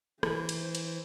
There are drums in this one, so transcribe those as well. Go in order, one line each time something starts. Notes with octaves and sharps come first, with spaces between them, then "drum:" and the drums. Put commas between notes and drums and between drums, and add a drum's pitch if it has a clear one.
E3 C5, drum: rim click
drum: cymbal
drum: cymbal